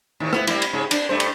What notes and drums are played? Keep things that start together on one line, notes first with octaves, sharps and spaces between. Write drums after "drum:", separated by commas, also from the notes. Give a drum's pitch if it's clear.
A2 C3 D#3
B3 E4, drum: rim click
G3 A#3 E4, drum: cymbal
drum: cymbal
G#2 C#3
D4, drum: cymbal
G2 A3 C5
drum: cymbal